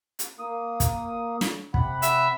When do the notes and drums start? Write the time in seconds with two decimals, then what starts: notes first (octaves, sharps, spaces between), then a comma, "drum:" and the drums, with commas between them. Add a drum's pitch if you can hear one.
0.19 drum: hi-hat
0.39 A#3 D#6
0.80 drum: kick, hi-hat
1.41 drum: snare
1.74 C3 F#5 B5, drum: kick
2.02 E5, drum: hi-hat